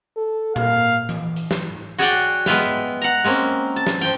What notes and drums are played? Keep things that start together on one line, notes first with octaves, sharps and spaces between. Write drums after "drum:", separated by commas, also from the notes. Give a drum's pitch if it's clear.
A4
A#3 F5, drum: tom A#2
drum: tom E3
drum: hi-hat
drum: snare
F#4 G#4 C#5 D5 F#5 G5
G#3 B3 B4 E5 F5 G5, drum: snare
F#5 A#5
G#3 A#3 C4 C#4
A5
drum: snare
F3 G5